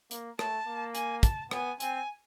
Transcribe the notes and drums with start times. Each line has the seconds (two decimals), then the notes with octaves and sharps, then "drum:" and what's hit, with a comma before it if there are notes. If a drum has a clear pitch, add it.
0.11 A#3, drum: hi-hat
0.39 A3 A5, drum: rim click
0.67 A#3
0.95 G#5, drum: hi-hat
1.23 A5, drum: kick, hi-hat
1.51 B3 G#5, drum: rim click
1.80 C4 G#5, drum: hi-hat